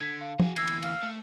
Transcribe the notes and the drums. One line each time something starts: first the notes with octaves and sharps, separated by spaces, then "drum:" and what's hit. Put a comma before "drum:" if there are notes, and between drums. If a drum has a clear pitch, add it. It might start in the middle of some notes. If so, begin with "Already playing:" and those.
D3 G#6 B6
F5
F#4 G#4, drum: tom
D2 E3 E6 G#6 A#6 C7, drum: cymbal
drum: cymbal
F5, drum: cymbal
A3